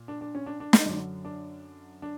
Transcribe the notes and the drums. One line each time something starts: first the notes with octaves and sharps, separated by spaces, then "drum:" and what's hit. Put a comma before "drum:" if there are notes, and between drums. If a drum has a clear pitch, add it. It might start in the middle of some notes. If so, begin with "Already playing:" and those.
Already playing: A#2
D4
D4
C#4
D4
D4
D#4, drum: snare
F#2 D3 F#3 D4
D4
D4